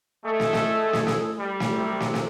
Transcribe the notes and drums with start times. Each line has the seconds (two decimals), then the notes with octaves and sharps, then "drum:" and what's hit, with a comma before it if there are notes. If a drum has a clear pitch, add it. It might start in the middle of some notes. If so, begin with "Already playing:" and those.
0.25 G#3 A3 G#4 A4
0.40 drum: snare
0.53 drum: snare
0.93 drum: snare
1.07 drum: snare
1.39 G3
1.60 drum: snare
1.74 C3 F#3
2.00 drum: snare
2.14 drum: snare